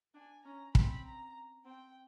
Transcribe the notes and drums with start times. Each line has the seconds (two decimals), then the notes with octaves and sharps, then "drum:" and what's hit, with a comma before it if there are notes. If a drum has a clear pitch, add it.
0.14 D4 G#5
0.45 C#4 A#5
0.75 C4 B5, drum: kick
1.06 A#5
1.65 C4 G5